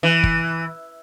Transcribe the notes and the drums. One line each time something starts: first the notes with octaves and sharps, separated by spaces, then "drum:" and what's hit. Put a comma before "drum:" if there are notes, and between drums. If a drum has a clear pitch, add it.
E3
drum: kick